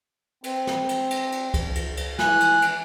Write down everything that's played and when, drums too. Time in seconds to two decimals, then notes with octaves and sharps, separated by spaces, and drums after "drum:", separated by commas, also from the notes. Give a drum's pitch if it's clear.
0.44 C4, drum: cymbal
0.67 drum: snare
0.89 drum: cymbal
1.11 drum: cymbal
1.32 drum: cymbal
1.54 drum: kick C#2, cymbal
1.75 drum: cymbal
1.97 drum: cymbal
2.19 E3 G#5 F#6, drum: snare
2.40 drum: cymbal
2.62 drum: cymbal